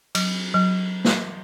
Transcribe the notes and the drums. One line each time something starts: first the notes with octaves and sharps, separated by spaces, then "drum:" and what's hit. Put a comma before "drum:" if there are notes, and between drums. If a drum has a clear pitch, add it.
F#3, drum: cymbal
F#3
drum: snare